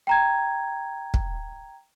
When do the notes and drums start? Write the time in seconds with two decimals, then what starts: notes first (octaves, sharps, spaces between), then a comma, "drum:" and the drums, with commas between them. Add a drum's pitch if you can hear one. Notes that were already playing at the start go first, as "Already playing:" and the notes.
0.07 G5 A#5 G#6
1.14 drum: kick